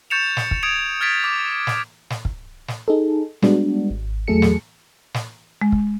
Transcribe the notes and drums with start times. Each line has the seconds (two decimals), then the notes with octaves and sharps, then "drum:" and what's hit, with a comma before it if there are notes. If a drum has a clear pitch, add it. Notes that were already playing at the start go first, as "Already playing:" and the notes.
0.10 C#6 G6 A6 C#7 E7 F7
0.37 drum: snare
0.51 drum: kick
0.63 D#6 G#6 C#7 D7 E7 F7
1.01 F6 G#6 A6 B6 D7
1.24 D6 F7
1.67 drum: snare
2.10 drum: snare
2.25 drum: kick
2.68 drum: snare
2.88 D#4 G#4 A4
3.42 G3 G#3 B3 D4 F#4, drum: snare
3.90 G#1
4.28 E2 F#3 A3 G#4 A4 C#7
4.42 drum: snare
5.14 drum: snare
5.61 G#3
5.72 drum: kick